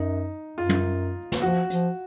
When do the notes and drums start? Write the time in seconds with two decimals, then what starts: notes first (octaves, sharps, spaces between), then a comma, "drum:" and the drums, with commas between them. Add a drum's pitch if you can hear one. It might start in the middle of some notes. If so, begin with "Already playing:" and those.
Already playing: F#2 D#4
0.57 F#2 F4
0.69 drum: tom
1.32 drum: snare
1.42 F3 F#4
1.70 F3, drum: hi-hat